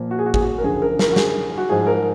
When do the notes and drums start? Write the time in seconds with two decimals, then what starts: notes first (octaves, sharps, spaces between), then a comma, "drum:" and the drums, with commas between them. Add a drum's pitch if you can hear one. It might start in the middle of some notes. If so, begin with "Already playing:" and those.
Already playing: A#2 F3
0.11 F#4
0.19 G#4
0.26 F#4
0.34 G#4, drum: kick
0.42 F#4
0.58 A#4
0.63 F#2 D3 F3 G#4
0.82 A#4
0.99 A#4, drum: snare
1.12 F#4
1.16 G#4, drum: snare
1.58 F#4
1.69 G#2 F3 G#4
1.87 A#4